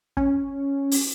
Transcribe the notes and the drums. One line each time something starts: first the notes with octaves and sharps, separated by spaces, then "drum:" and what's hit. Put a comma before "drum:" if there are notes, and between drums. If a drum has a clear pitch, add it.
C#4, drum: kick
drum: open hi-hat